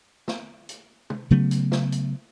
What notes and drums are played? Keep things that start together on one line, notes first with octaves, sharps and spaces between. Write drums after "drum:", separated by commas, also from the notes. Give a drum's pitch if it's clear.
drum: snare
drum: hi-hat
drum: tom
C#3 F#3 A3 B3
drum: hi-hat
drum: snare
drum: hi-hat